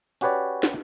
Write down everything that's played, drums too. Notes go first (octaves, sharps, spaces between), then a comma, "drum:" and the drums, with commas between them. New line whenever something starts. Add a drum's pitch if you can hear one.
C#4 F#4 G4 B4 C#5 D5, drum: hi-hat
drum: snare